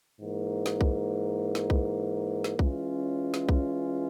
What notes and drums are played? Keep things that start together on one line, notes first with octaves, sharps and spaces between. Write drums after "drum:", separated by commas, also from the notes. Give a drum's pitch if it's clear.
G#2 E3 A#3
drum: snare
drum: kick B1
drum: snare
drum: kick B1
drum: snare
E3 G#3 C#4 F4, drum: kick B1
drum: snare
drum: kick B1